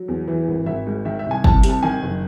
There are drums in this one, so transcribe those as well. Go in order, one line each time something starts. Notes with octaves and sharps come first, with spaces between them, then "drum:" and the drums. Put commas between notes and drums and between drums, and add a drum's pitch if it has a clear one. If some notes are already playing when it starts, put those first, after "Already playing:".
Already playing: F#3
E2
E3
G#1
G#1 E5
G#2
D#3 E5
E5
C2
G#5
C2 A5, drum: kick
C3, drum: hi-hat
A5
D#3 G#5
F#1